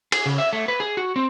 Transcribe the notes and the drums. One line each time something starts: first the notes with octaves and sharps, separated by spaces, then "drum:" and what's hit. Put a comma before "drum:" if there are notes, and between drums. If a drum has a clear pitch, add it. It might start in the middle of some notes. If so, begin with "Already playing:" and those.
G#4, drum: cymbal
C#3
E5
A3
B4
G#4
F#4
C4